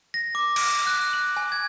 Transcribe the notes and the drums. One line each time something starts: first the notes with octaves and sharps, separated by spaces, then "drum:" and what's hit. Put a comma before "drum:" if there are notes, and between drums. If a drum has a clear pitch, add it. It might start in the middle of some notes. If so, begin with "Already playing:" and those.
A#6
D6
D7, drum: cymbal
F#6
F#7
G#5
G#6